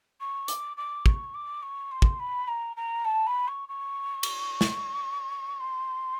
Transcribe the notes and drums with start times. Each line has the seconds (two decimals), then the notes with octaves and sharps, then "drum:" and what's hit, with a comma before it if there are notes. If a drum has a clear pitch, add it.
0.20 C#6
0.48 D6, drum: hi-hat
0.77 D6
1.06 C#6, drum: kick
1.34 D6
1.62 C#6
1.91 C6
2.02 drum: kick
2.20 B5
2.48 A#5
2.76 A#5
3.05 A5
3.27 B5
3.48 C#6
3.69 C#6
4.23 drum: cymbal
4.61 drum: snare
5.60 C6